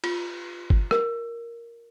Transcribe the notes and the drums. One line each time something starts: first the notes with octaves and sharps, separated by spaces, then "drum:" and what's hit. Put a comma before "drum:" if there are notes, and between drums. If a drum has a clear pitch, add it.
F4, drum: cymbal
drum: kick
A#4, drum: rim click